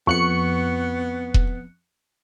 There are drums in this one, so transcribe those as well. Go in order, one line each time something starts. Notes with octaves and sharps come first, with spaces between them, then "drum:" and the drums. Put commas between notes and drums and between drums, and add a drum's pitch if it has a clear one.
F2 B3 C#6 F#6 C#7
drum: kick E1